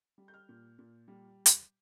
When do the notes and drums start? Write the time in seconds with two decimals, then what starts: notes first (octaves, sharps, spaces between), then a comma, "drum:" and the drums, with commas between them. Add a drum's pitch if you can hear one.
0.18 G3
0.28 G6
0.34 F6
0.49 A#2
0.79 A#2
1.08 G3
1.46 drum: hi-hat